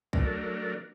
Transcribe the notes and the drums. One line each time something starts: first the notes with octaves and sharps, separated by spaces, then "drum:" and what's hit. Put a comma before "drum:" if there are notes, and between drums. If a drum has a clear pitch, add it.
F#3 A3 D4 A#4, drum: kick